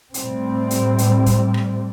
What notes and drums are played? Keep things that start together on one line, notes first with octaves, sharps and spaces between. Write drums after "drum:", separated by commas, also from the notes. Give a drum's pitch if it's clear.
A2 G3 C4, drum: hi-hat
drum: hi-hat
drum: hi-hat
drum: kick E1, hi-hat
drum: rim click